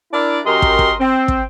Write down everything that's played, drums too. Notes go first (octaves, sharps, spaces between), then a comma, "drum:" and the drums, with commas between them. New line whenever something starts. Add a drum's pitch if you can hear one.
D4 E4 A#4 D5
F#2 G4 A#4 D#5 C6
drum: kick
drum: kick
C4
drum: kick